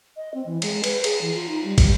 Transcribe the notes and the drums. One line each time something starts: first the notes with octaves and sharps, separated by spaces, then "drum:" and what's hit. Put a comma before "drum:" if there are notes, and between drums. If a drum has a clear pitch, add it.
D#5
C4
E3
G#3, drum: cymbal
B4, drum: cymbal
G#4, drum: cymbal
E3
F4
D#4
G3
G3, drum: kick, cymbal